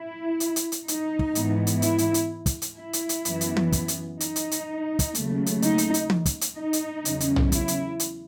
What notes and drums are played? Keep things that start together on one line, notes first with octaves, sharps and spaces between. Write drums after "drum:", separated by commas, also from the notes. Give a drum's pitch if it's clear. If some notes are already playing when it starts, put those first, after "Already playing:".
Already playing: E4
drum: hi-hat
drum: hi-hat
drum: hi-hat
D#4, drum: hi-hat
drum: kick
G#2 E3 B3, drum: hi-hat
drum: hi-hat
E4, drum: hi-hat
drum: hi-hat
drum: hi-hat
drum: kick, hi-hat
drum: hi-hat
E4
drum: hi-hat
drum: hi-hat
F#2 E3 B3, drum: hi-hat
drum: hi-hat
drum: tom E3
drum: kick, hi-hat
drum: hi-hat
D#4, drum: hi-hat
drum: hi-hat
drum: hi-hat
drum: kick, hi-hat
D#2 C#3 F#3 A3, drum: hi-hat
drum: hi-hat
D#4, drum: hi-hat
drum: hi-hat
drum: hi-hat
drum: tom E3
drum: kick, hi-hat
drum: hi-hat
D#4
drum: hi-hat
E2 C#3 F#3 C#4, drum: hi-hat
drum: hi-hat
drum: tom
E4, drum: kick, hi-hat
drum: hi-hat
drum: hi-hat